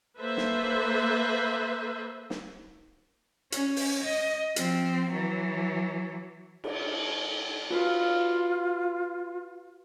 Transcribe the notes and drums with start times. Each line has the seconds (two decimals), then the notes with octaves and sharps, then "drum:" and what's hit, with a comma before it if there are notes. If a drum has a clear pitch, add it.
0.19 A#3 A4 B4 C5 E5
0.37 drum: snare
2.30 drum: snare
3.52 C#4, drum: hi-hat
3.76 drum: open hi-hat
4.04 D#5
4.56 F3 C4, drum: hi-hat
5.10 E3 F#3
6.64 drum: cymbal
7.71 F4 F#4 B4 F5